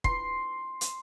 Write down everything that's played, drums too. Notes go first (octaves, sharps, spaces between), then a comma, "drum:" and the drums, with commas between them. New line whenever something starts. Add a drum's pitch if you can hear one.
C6, drum: kick
drum: hi-hat